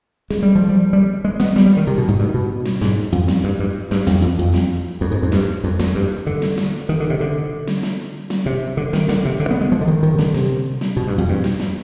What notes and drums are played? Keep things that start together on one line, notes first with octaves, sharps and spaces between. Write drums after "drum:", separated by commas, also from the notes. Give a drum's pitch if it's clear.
G#3, drum: snare
G3
F3
G3
G3
G#3
B3, drum: snare
G3, drum: snare
G3
D#3
C3
B2
G#2
G2
B2
drum: snare
G#2, drum: snare
F2
drum: snare
G2
G2
G2, drum: snare
F2, drum: snare
F2
F2
drum: snare
F2
G#2
F2
G2, drum: snare
F2
F2, drum: snare
G2
D3
drum: snare
drum: snare
D#3
D3
C3
D3
drum: snare
drum: snare
drum: snare
C3
D3
D#3, drum: snare
D3, drum: snare
C3
D3
B3
G#3
F3
D3
D#3
D#3
C3
D3, drum: snare
C3, drum: snare
drum: snare
B2
G2
F2
G2
drum: snare
drum: snare